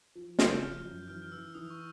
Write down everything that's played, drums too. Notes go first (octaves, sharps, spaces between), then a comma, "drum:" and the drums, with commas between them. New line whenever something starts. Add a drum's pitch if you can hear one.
F3
C#3 G6, drum: snare
F3 F6
F#2
E3 F6
F6
E3 E6
E3 D#6
C#6